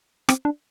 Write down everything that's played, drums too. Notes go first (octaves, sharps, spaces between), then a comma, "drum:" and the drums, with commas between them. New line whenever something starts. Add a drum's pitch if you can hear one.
C4, drum: rim click
D4